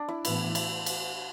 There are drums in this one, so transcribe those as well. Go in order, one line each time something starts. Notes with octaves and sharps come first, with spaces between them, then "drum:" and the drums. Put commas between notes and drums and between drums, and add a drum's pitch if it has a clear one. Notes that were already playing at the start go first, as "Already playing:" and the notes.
Already playing: D4
E4
A2 E3 B3 E4, drum: cymbal
E4, drum: cymbal
drum: cymbal